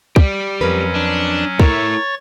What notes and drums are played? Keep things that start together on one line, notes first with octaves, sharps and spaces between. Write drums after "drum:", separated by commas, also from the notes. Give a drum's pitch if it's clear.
G4 D5, drum: kick
F2 F#3 C#4 A#4 B4
D4
A3 E4 A#4 C#5 C#6 A6, drum: kick